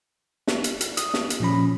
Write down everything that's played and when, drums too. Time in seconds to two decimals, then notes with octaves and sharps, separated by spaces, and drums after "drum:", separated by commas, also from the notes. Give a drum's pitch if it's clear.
0.47 drum: snare
0.64 drum: hi-hat
0.81 drum: hi-hat
0.97 D#6, drum: hi-hat
1.14 drum: snare
1.30 drum: hi-hat
1.40 A#2 F3 C#4 B5